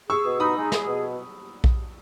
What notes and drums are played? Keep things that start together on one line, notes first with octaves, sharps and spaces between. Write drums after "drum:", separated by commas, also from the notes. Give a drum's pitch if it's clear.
G#4 C#6 E6
B2
D#4 B5 D#6
G#3
G#4, drum: snare
B2
drum: kick A#1